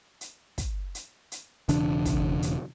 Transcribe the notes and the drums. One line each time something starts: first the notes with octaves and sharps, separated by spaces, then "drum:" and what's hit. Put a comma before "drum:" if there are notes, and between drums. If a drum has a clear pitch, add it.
drum: hi-hat
drum: kick, hi-hat
drum: hi-hat
drum: hi-hat
E1 C#3 E3 D4, drum: hi-hat
drum: kick, hi-hat
drum: hi-hat